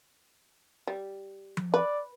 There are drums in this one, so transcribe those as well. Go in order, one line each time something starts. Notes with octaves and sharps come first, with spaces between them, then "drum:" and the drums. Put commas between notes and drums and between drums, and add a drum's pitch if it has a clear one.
G3
drum: tom F3
B4 D5